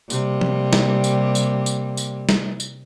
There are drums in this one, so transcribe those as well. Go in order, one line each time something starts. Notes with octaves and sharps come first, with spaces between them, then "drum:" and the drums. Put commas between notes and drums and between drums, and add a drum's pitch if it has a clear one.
C3 G3 A#3, drum: tambourine
drum: tom
drum: snare
drum: tambourine
drum: tambourine
drum: tambourine
drum: tambourine
drum: snare
drum: tambourine